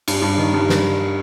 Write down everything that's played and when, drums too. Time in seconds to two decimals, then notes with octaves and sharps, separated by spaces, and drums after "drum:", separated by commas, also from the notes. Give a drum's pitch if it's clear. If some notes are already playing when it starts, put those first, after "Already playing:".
0.08 G2, drum: cymbal
0.22 G2
0.38 D#3
0.54 G2
0.69 drum: snare